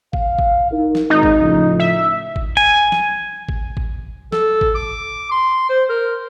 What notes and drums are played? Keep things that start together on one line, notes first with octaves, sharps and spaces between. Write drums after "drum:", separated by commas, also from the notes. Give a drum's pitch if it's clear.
F5, drum: kick G#1
drum: kick G#1
D#4 E4 A#4
drum: snare
G#1 D#4
drum: kick G#1
A2 C#3 F3
E5
drum: kick G#1
G#5
drum: snare
drum: kick G#1
drum: kick G#1
A4, drum: snare
drum: kick G#1
D6
C6
C5
A#4